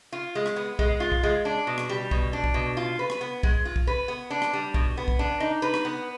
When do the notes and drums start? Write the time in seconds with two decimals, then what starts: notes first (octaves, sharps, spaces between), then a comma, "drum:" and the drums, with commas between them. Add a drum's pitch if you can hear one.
0.13 F4
0.35 G#3
0.46 drum: rim click
0.56 B3
0.79 G#3, drum: kick
1.00 F4
1.12 drum: kick
1.23 G#3
1.45 D4
1.67 B2
1.78 drum: rim click
1.89 G3
2.11 B2, drum: kick
2.33 D4
2.44 drum: kick
2.54 B2
2.77 F4
2.99 B4
3.10 drum: rim click
3.21 B3
3.43 G#3, drum: kick
3.65 F4
3.76 drum: kick
3.87 B4
4.08 B3
4.30 D4
4.42 drum: rim click
4.53 G3
4.74 B2, drum: kick
4.97 B3
5.08 drum: kick
5.19 D4
5.40 D#4
5.62 B4
5.74 drum: rim click
5.85 B3